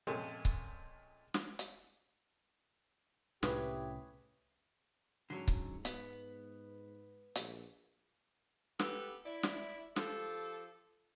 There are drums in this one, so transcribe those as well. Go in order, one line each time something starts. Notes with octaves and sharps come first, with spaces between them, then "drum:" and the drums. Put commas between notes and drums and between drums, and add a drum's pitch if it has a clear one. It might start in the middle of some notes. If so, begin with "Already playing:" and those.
A#2 F3 G#3 A3 C4 C#4
drum: kick C#1
drum: snare
drum: hi-hat
C2 A2 C#4 E4 G4 G#4 B4 C#5, drum: snare
G#2 D3 F#3 C#4
drum: kick C#1
B3, drum: hi-hat
A#1, drum: hi-hat
B3 G4 A4 B4, drum: snare
E4 D5
drum: snare
F3 G4 A4, drum: snare